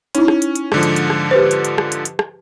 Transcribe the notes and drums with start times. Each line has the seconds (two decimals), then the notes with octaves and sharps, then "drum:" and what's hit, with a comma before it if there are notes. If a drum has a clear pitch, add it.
0.15 C#4 D#4 E4, drum: hi-hat
0.28 drum: rim click
0.42 drum: hi-hat
0.55 drum: hi-hat
0.72 G#2 D3 F3, drum: rim click
0.83 drum: hi-hat
0.96 drum: hi-hat
1.10 drum: rim click
1.31 G4 B4 C5
1.51 drum: hi-hat
1.65 drum: hi-hat
1.78 drum: rim click
1.92 drum: hi-hat
2.05 drum: hi-hat
2.19 drum: rim click